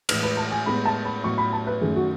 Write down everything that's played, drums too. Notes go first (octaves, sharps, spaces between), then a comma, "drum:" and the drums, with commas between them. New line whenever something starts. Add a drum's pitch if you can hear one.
A2 E3 G#3 B4, drum: cymbal
B4
A5
G#5
A2 G#3 B3 B5
A5
B5
A2 F#3 B3 C#6
B5
A5
B4
F#2 D#3 A3 G#4
F#4